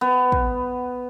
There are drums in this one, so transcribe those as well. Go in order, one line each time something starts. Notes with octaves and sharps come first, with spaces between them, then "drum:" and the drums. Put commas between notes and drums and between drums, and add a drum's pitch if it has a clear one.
B3
drum: kick